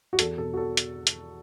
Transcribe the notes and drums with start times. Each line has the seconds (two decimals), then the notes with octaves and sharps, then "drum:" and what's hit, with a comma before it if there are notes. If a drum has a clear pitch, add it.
0.13 F#4
0.19 E2 A4, drum: hi-hat
0.38 B2 A4
0.53 F#4
0.57 A4
0.77 drum: hi-hat
1.07 drum: hi-hat